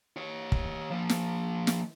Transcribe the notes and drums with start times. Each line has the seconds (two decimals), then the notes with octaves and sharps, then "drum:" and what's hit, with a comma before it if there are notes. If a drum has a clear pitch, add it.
0.16 G4 C#5
0.52 drum: kick
0.90 F3 A#3
1.09 drum: snare
1.67 drum: snare